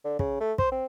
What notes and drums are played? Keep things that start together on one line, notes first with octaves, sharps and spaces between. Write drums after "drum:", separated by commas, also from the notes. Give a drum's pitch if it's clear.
D3
C#3, drum: kick
A3
C5, drum: kick
C4